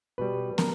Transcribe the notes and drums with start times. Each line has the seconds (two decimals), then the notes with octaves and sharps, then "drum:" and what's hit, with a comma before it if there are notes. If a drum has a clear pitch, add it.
0.18 B2 G3 B4
0.58 A#4, drum: snare